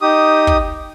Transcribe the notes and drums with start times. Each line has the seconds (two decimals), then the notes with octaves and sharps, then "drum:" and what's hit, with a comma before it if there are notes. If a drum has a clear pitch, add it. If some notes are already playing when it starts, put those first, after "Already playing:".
0.01 D#4 G4 D#6
0.47 drum: kick